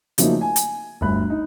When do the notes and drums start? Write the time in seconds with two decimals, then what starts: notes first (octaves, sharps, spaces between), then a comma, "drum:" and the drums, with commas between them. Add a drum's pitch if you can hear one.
0.18 C#3 F3 F#3 A3 A#3 D#4, drum: hi-hat
0.41 G#5
0.56 drum: hi-hat
1.01 G1 D2 B5 F#6
1.30 D#4